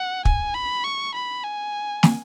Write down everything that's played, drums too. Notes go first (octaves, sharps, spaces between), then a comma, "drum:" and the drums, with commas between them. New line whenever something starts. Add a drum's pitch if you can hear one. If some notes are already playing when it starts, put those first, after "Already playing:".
Already playing: F#5
G#5, drum: kick
B5
C#6
B5
G#5
drum: snare